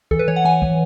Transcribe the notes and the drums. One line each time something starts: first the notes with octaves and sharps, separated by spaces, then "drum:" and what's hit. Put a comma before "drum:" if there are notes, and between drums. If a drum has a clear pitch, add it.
E3 A4, drum: kick C2
B4
E3 C#5
F#5
E3 G#5
E3, drum: kick C2